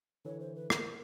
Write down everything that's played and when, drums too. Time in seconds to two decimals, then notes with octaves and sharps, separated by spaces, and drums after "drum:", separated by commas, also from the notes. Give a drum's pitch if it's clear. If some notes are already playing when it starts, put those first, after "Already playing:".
0.25 D3 E3 C#5
0.40 C5
0.55 B4
0.70 A#4, drum: rim click